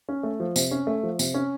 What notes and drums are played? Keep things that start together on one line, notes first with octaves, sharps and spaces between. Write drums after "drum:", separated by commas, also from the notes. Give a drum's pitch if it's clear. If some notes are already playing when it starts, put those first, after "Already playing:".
C#4
A3
F3
C3, drum: tambourine
C#4
A3
F3
C3, drum: tambourine
C#4